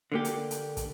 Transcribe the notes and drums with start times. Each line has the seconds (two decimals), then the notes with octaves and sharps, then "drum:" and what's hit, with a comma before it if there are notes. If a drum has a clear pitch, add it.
0.12 D3 A#3 G4
0.25 drum: hi-hat
0.51 drum: hi-hat
0.77 drum: kick, hi-hat